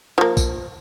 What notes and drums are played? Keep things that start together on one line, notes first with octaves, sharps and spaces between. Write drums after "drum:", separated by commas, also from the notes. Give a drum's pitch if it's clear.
F3 A#3
drum: kick, tambourine